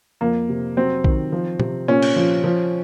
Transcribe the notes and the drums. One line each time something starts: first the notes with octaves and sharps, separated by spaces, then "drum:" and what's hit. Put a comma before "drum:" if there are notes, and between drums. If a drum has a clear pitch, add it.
F2 A#3
C3
F#3 C4
D#3, drum: kick A#1
F3
C3, drum: tom
A#2 C#4
drum: cymbal
F3
F3